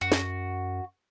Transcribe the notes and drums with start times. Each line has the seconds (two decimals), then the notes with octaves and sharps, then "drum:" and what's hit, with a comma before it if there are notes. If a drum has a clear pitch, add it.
0.01 F#2 F#4
0.12 drum: snare